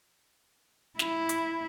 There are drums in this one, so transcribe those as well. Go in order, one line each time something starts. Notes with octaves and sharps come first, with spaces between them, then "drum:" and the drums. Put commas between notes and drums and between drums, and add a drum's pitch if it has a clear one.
E4, drum: snare
drum: hi-hat